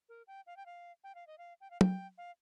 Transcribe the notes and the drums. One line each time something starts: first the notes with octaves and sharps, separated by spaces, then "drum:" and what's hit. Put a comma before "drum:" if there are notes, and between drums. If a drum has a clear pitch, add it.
A#4
G5
F5
G5
F5
G5
F5
D#5
F5
G5
F5
G5, drum: tom
F5